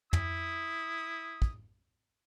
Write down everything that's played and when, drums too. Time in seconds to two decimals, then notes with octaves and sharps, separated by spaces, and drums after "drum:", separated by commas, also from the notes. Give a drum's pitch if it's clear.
0.13 E4 D#6, drum: tom
1.42 drum: kick